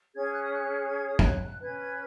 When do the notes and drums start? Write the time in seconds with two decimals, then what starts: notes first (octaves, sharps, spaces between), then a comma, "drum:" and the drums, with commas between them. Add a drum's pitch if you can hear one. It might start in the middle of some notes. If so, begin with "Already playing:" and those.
0.14 C#4 G#4 C#5 G#6
0.32 F#6
0.42 D#6
0.52 F#6
0.88 G#6
1.05 D#6
1.19 G#6, drum: kick
1.24 F#6
1.60 C#4 B4 G#6
1.79 G#6